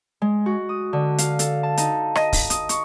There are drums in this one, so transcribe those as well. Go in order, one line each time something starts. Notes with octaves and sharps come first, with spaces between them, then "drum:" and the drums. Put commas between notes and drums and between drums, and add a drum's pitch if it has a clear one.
G#3
F#4
D#6
D3
F5, drum: hi-hat
A4, drum: hi-hat
A5
D#4, drum: hi-hat
D#5, drum: rim click
drum: kick, open hi-hat
D#6, drum: hi-hat
C#6, drum: hi-hat